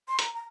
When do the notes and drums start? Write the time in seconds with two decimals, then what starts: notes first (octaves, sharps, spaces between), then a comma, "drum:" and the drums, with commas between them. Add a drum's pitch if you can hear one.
0.08 C6
0.19 A#5, drum: hi-hat
0.34 A#5